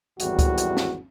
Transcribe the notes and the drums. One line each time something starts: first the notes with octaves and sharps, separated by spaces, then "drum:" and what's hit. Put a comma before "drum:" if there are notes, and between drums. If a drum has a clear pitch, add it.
G#1 E2 A2 G3 F#4, drum: hi-hat
drum: kick C#2, hi-hat
drum: hi-hat
drum: snare